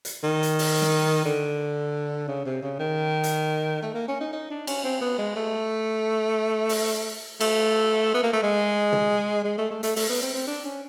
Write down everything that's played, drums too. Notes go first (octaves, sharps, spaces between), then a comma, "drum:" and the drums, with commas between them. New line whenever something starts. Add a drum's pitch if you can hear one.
drum: hi-hat
D#3
drum: hi-hat
drum: open hi-hat
drum: snare
D3
C#3
C3
C#3
D#3
drum: hi-hat
A3
A#3
C#4
D#4
D#4
D4
C#4, drum: cymbal
C4
B3
G#3
A3
drum: open hi-hat
A3, drum: cymbal
B3
A#3
A3
G#3
drum: tom
G#3
A3
A3
A3, drum: hi-hat
A3, drum: open hi-hat
B3
C4
C4
D4
C#4